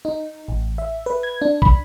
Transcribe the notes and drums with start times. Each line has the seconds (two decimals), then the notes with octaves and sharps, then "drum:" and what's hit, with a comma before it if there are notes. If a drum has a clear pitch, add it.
0.05 D#4
0.48 A1
0.78 E5
1.06 B4
1.23 G#6
1.42 D4
1.62 B5, drum: kick